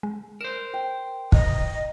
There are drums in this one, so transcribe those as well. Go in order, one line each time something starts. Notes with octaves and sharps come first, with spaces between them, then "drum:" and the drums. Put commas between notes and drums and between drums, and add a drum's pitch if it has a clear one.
G#3
A#4 C5 E7
G5
D#5, drum: kick